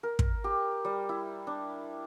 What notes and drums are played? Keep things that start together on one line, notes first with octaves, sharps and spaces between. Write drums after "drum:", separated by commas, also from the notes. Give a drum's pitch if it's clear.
A#4
drum: kick
G4
G3
E4
D4